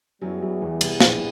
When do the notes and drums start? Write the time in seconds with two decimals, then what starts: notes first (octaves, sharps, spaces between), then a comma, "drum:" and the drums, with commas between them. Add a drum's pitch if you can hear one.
0.22 F#2 F#3 G3 B3 E4 G#4
0.42 F#2 F#3
0.62 E2 E3
0.81 C2 C3, drum: cymbal
1.00 A#1 A#2, drum: snare